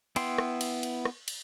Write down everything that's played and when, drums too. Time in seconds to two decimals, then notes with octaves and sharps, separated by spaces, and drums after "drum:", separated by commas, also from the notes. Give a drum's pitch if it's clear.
0.16 B3 E4 G5 C6, drum: cymbal
0.38 drum: rim click
0.61 drum: cymbal
0.83 drum: cymbal
1.05 drum: rim click
1.28 drum: cymbal